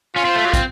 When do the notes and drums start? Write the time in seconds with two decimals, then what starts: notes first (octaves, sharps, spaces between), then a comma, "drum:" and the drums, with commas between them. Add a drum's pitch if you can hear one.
0.16 C#4 F4
0.25 C4
0.36 A3
0.45 F#3
0.54 C4, drum: kick, hi-hat